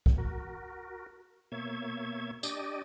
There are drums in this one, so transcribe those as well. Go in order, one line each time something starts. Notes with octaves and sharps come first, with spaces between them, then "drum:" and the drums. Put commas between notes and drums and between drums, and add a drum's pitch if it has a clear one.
drum: kick
F#4 A#4
B2 A#3 C#5 E5 G#6
D4 G4 D5 D#5, drum: tambourine